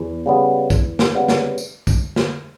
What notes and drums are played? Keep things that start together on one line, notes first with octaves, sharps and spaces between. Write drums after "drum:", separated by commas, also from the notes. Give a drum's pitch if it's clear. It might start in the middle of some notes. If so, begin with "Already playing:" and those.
Already playing: E2
C#3 G3 B3
E2, drum: kick, tambourine
drum: snare
C#3 G3 B3
drum: snare
drum: tambourine
drum: kick, tambourine
drum: snare